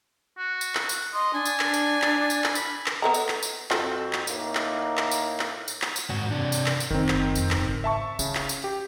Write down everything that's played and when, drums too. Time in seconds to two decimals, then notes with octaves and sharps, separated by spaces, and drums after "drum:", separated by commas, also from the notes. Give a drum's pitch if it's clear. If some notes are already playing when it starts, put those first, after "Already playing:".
0.38 F#4
0.61 drum: tambourine
0.75 drum: clap
0.89 drum: tambourine
1.13 D#5 C6
1.33 D4 G#5
1.45 drum: tambourine
1.60 drum: clap
1.74 drum: tambourine
2.02 drum: clap
2.30 drum: tambourine
2.44 drum: clap
2.55 B5, drum: tambourine
2.86 drum: clap
3.02 B3 A4 A#5
3.14 drum: tambourine
3.28 drum: clap
3.42 drum: tambourine
3.71 F2 C4 F4 F#4 A4, drum: clap
4.13 drum: clap
4.27 A2 A#3 D#4, drum: tambourine
4.55 drum: clap
4.97 drum: clap
5.11 drum: tambourine
5.40 drum: clap
5.68 drum: tambourine
5.82 drum: clap
5.96 drum: tambourine
6.10 G#2 F#4
6.31 C3 D4
6.52 drum: tambourine
6.66 drum: clap
6.80 drum: tambourine
6.90 F#1 D#3 C4
7.08 drum: clap
7.35 F1 F2, drum: tambourine
7.51 drum: clap
7.60 G#1 C#3
7.84 E5 A5 C#6
8.19 C#3 E4, drum: tambourine
8.35 drum: clap
8.49 drum: tambourine
8.64 G4